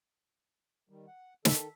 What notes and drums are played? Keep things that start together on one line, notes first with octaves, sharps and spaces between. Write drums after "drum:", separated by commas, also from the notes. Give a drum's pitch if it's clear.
D#3 G3
F#5
D#3 A4 A5 E6 B6, drum: snare